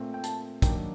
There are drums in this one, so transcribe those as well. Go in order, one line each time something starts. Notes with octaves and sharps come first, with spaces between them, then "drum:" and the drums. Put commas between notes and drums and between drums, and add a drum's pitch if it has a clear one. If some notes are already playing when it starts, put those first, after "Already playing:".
Already playing: A#2 A3 C4
G5
A5, drum: hi-hat
D#3 F#3 A#3 D4 G5, drum: kick, hi-hat